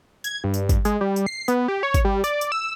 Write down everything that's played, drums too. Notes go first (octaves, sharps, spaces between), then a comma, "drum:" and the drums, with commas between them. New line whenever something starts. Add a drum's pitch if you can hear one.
G#6, drum: tambourine
G2
drum: tambourine
drum: kick G#1, tambourine
G#3, drum: tambourine
G3
drum: tambourine
C7
B3, drum: tambourine
G4
C#5
drum: kick G#1, tambourine
G3
D5, drum: tambourine
drum: tambourine
E6